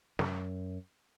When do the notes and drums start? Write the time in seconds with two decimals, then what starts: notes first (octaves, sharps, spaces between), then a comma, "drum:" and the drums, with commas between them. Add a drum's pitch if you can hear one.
0.19 F#2, drum: snare